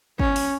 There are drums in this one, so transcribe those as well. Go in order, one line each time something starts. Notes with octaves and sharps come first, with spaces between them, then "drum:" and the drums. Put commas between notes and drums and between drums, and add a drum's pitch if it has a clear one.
C#4, drum: kick
drum: open hi-hat